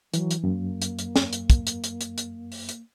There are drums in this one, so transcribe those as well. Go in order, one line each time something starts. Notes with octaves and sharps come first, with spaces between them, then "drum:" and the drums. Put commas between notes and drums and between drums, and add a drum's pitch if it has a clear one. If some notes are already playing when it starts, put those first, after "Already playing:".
E3 F#3, drum: hi-hat
drum: hi-hat
F#2 A#3
drum: hi-hat
drum: hi-hat
drum: snare
drum: hi-hat
drum: kick, hi-hat
drum: hi-hat
drum: hi-hat
drum: hi-hat
drum: hi-hat
drum: open hi-hat
drum: hi-hat